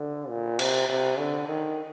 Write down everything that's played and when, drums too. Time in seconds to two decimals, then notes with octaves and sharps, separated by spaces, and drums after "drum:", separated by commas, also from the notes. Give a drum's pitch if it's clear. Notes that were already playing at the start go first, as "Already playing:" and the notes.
Already playing: D3
0.29 A#2
0.59 C3, drum: cymbal
0.89 C3
1.18 D3
1.48 D#3